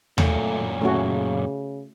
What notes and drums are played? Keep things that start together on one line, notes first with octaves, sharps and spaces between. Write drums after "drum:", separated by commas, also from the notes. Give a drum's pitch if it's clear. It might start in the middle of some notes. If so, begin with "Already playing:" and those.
F#2 A#2 A3, drum: tom D#2
C#3 A3 C#4 F#4